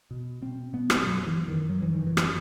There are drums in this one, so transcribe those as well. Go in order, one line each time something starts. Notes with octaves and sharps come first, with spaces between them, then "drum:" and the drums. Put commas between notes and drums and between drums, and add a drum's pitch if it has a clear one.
B2
B2 C4
B2 B3
drum: rim click
F#2 F#3
E3
F#2
D#3
F#2 F#3
E3
D#3
F#2
E3
drum: rim click